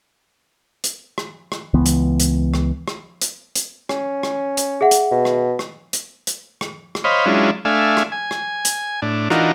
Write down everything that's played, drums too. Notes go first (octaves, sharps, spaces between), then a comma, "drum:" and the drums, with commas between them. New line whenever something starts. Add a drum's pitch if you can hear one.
drum: hi-hat
drum: rim click
drum: rim click
C#2 E3 B3
drum: hi-hat
drum: hi-hat
drum: rim click
drum: rim click
drum: hi-hat
drum: hi-hat
C#4, drum: rim click
drum: rim click
drum: hi-hat
G#4 E5 F#5
drum: hi-hat
B2
drum: rim click
drum: rim click
drum: hi-hat
drum: hi-hat
drum: rim click
drum: rim click
C5 C#5 D#5 F5 B5
F#3 G#3 C#4 D4 E4 F4
A3 D4 E5 F5 G#5
drum: rim click
G#5
drum: rim click
drum: hi-hat
A2 D4
E3 D4 D#4 F4 F#4 A#4, drum: rim click